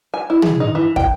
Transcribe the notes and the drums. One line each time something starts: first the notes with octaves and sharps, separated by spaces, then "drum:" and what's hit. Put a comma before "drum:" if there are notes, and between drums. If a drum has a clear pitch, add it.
G#5
E4
G#4, drum: tom
D#4
E3
G5, drum: kick